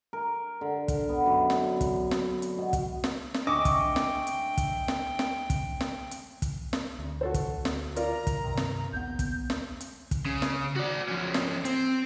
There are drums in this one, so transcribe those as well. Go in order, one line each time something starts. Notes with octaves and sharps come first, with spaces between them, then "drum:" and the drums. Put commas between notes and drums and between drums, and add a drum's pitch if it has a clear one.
A#4
D3
drum: kick, hi-hat
B3
F#2
drum: snare
drum: kick, hi-hat
drum: snare
drum: hi-hat
B2
drum: kick, hi-hat
drum: snare
drum: snare
D2 D#5 E5 G5 C#6 D6
drum: kick, hi-hat
drum: snare
drum: hi-hat
drum: kick, hi-hat
drum: snare
drum: snare
drum: kick, hi-hat
drum: snare
drum: hi-hat
drum: kick, hi-hat
drum: snare
D2
F#4 A4 C5
drum: kick, hi-hat
drum: snare
F4 A#4 D5 A#5, drum: hi-hat
drum: kick, hi-hat
G2 C3 D#3
drum: snare
A#1 D#2 B3 G6
drum: kick, hi-hat
drum: snare
drum: hi-hat
drum: kick, hi-hat
C#3
drum: snare
F#4 D5
F3 C#4
drum: snare
C4, drum: hi-hat